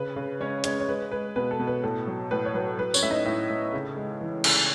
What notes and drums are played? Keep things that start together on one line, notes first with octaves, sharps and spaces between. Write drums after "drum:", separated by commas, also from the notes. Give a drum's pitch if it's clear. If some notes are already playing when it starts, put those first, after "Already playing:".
Already playing: C#3 B4
C#3
G#3 C#4 C#5
G#3 C#4 C#5, drum: hi-hat
C#5
G#3 B4
G#3 B4
B2 B4
A4
B2
B4
A2 A4
F#3
A2 B4
C#5
F#3 B4
F#3 B4
C#4 C#5, drum: tambourine
A2 E5
D#4 D#5
A2 E4 E5
A2
C#3
G#3
E3
C#3, drum: cymbal